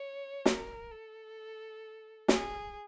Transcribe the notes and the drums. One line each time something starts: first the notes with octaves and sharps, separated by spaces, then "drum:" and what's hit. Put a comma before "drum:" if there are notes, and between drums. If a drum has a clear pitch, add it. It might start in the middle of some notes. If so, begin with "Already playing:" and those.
Already playing: C#5
A#4, drum: snare
A4
G#4, drum: snare